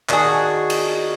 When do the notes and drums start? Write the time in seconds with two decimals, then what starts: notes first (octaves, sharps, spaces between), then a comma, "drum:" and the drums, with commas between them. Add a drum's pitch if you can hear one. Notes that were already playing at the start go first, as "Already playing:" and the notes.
0.09 D#3 D4 F#4 G#4, drum: clap
0.70 drum: cymbal